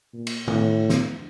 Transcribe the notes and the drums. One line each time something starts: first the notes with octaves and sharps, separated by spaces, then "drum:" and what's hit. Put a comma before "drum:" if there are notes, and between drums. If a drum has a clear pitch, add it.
A#2
drum: cymbal
A2, drum: tom
drum: snare